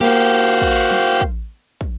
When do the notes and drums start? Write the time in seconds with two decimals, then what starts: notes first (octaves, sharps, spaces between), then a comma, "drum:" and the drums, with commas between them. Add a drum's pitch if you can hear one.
0.01 A#3 F#4 G4 C5 F5
0.61 drum: kick
0.91 drum: snare
1.21 drum: kick
1.81 drum: kick